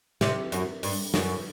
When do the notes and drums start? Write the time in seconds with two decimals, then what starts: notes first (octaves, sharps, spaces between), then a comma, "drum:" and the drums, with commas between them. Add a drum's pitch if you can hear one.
0.21 C3, drum: snare
0.52 F#2, drum: hi-hat
0.83 G2, drum: open hi-hat
1.14 F#2, drum: snare